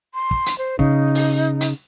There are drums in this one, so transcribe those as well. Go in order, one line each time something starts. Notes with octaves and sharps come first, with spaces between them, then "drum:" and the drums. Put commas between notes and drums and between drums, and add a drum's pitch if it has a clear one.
C6
drum: kick
drum: hi-hat
C5
C#3 D#4, drum: kick
drum: open hi-hat
drum: hi-hat